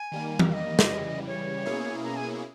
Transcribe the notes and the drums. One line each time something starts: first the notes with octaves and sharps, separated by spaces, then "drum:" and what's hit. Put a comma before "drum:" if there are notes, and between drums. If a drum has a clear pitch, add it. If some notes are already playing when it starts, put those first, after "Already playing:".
Already playing: G#5
D#3 G3 A#3
drum: tom E3
F5
D#5
drum: snare
C#3 E3 G3
C#5
B2 A#3 C#4 E4 G#4
A#5
G#5